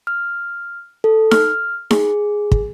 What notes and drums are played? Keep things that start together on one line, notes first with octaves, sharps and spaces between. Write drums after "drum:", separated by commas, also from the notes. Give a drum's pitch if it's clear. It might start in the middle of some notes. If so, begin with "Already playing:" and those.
F6
A4
F6, drum: snare D#4
G#4, drum: snare D#4
drum: kick